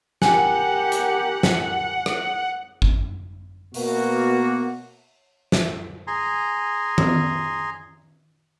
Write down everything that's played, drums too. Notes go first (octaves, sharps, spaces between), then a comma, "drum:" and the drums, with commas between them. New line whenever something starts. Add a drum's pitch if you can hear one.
G4 A#4 F#5 G#5, drum: snare
drum: hi-hat
drum: snare
drum: rim click
drum: kick G#1
B2 A#3 F#4, drum: open hi-hat
drum: snare
G#4 G#5 A#5 C6
drum: tom D#3